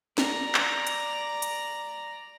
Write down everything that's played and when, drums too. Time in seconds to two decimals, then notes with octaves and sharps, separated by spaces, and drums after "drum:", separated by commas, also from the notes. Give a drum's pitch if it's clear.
0.18 D5 A#5, drum: snare
0.55 drum: clap
0.87 drum: hi-hat
1.42 drum: hi-hat